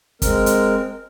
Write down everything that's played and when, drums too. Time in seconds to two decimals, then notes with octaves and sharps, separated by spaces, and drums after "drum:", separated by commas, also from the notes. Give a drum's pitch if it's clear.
0.22 G#3 C4 A#4, drum: kick, hi-hat
0.46 drum: hi-hat